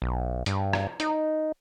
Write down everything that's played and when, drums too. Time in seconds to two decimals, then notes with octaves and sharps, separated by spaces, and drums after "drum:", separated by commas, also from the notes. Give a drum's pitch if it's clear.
0.02 B1
0.46 G2, drum: hi-hat
0.73 drum: rim click
1.00 D#4, drum: hi-hat